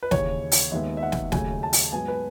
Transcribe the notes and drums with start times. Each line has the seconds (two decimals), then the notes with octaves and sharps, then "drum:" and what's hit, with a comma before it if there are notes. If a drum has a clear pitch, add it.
0.03 B4
0.11 D#2 C#3 E3 C#5, drum: snare
0.52 drum: open hi-hat
0.72 D#2 D#3 G#3 B3 E5
0.97 E5
1.03 F#5
1.12 drum: snare
1.32 D#2 C#3 F#3 A3 G#5, drum: snare
1.63 A5
1.73 drum: open hi-hat
1.92 G#2 F#3 B3 G#5
2.08 B4